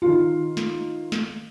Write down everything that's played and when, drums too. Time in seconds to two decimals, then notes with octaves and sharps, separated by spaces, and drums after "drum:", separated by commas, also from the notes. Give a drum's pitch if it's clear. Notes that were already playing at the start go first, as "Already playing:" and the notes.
0.02 D#3 F4
0.57 drum: snare
1.12 drum: snare